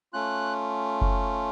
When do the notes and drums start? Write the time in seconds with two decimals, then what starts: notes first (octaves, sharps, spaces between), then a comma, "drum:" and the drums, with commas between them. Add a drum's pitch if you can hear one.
0.13 A3 C#4 F4 F#6
1.01 drum: kick F#1